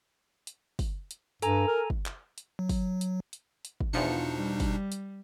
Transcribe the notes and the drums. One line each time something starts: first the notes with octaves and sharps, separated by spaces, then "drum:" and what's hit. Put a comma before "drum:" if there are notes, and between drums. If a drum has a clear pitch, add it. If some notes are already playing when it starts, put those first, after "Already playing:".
drum: hi-hat
drum: kick, open hi-hat
drum: hi-hat
G2 A4 G#5 A#5, drum: hi-hat
A#4
drum: kick
drum: clap
drum: hi-hat
F#3
drum: kick, open hi-hat
drum: hi-hat
drum: hi-hat
drum: hi-hat
drum: kick
E2 B2 F3 D4 D#4 C#7
G3
drum: kick, open hi-hat
drum: hi-hat